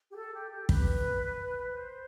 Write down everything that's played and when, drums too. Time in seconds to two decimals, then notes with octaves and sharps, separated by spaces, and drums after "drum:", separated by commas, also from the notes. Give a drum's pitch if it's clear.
0.11 G4
0.16 A4
0.34 G4
0.51 G4
0.69 B4, drum: kick
1.71 C5